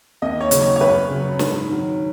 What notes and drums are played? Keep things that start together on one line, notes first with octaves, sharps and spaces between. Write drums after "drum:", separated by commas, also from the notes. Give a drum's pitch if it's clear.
D#2 D#5
C#5
C#3 F#3, drum: hi-hat
C#5
C#5
F#2 B4
C#3 F#3
G#2, drum: snare
D#3 F#3